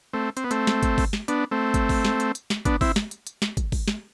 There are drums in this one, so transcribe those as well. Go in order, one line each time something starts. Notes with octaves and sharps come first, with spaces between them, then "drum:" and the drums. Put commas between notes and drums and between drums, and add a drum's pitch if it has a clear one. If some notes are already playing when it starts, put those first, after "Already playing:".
A3 C4
C4, drum: hi-hat
B3
A3 C4, drum: hi-hat
drum: snare
drum: kick, hi-hat
drum: kick, open hi-hat
drum: snare
B3 D4, drum: hi-hat
A3 C4
drum: kick, hi-hat
drum: kick, open hi-hat
drum: snare
drum: hi-hat
drum: hi-hat
drum: snare
B3 D4, drum: kick, hi-hat
C4 E4, drum: kick, open hi-hat
drum: snare
drum: hi-hat
drum: hi-hat
drum: snare
drum: kick, hi-hat
drum: kick, open hi-hat
drum: snare